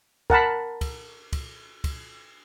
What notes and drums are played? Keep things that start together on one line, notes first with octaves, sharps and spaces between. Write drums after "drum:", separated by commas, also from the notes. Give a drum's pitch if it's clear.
A#4 F#5 A5 B5, drum: kick
drum: kick, cymbal
drum: kick, cymbal
drum: kick, cymbal